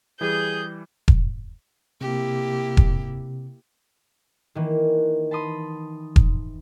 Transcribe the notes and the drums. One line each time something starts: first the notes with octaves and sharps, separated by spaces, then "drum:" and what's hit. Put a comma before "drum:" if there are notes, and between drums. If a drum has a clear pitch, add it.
E3 G3 G#4 G6
drum: kick E1
C3 A#3 E4 G4
drum: kick E1
D#3 E3 A#3
A5 B5 C6 D#6
drum: kick E1